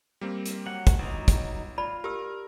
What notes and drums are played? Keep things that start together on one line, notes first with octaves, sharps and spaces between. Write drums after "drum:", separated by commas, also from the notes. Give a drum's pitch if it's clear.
G3 A#3 C4
drum: hi-hat
F#3 F#5
drum: kick, hi-hat
G1 F#3 D#4
drum: kick, hi-hat
F4 D5 B5
G4 A#4 E6